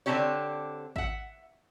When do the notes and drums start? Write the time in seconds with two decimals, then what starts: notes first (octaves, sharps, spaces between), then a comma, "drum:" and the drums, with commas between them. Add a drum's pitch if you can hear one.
0.06 D3 C4 D4 E4 G4 C#5
0.96 E5 F#5, drum: kick G#1